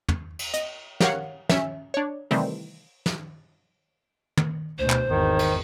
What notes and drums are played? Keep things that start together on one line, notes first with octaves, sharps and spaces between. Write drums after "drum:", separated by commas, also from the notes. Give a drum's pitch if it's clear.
drum: tom
drum: cymbal
D#5, drum: hi-hat
G4 A#4 C#5 F5 F#5, drum: snare
C#4 E5, drum: snare
D4 C#5
C3 D#3 E3 G3 A3 C4, drum: open hi-hat
drum: snare
drum: tom
D2 B2 C5
drum: clap
G#1 E2 D#3
drum: cymbal